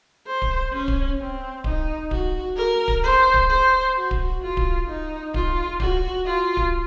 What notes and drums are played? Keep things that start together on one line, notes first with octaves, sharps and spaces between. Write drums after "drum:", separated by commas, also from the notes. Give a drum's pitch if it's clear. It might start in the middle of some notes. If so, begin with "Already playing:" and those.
C5
drum: kick D1
C#4
drum: kick D1
C4
D#4, drum: kick D1
F#4, drum: kick D1
A#4
drum: kick D1
C5
drum: kick D1
C5
F#4
drum: kick D1
F4
drum: kick D1
D#4
F4, drum: kick D1
F#4, drum: kick D1
F4
drum: kick D1